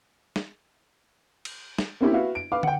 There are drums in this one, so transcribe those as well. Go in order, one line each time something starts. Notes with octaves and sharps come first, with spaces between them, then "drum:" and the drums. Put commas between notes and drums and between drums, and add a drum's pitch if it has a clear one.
drum: snare
drum: cymbal
drum: snare
A#3 C4 C#4 E4 G4
F#4 B4 E5 F5
D7
B4 F5 D6
F#5 G5, drum: tom